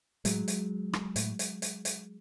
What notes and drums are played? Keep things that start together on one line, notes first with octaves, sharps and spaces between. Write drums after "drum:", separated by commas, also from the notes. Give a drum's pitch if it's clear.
A2 F#3 G#3, drum: hi-hat
drum: hi-hat
drum: rim click
A2, drum: hi-hat
drum: hi-hat
drum: hi-hat
drum: hi-hat